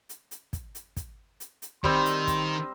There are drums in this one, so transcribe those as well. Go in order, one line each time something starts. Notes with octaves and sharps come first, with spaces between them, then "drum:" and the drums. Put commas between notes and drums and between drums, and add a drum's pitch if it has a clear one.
drum: hi-hat
drum: hi-hat
drum: kick, hi-hat
drum: hi-hat
drum: kick, hi-hat
drum: hi-hat
drum: hi-hat
D#3 G3 C4 C5 C6, drum: kick
drum: hi-hat
drum: kick, hi-hat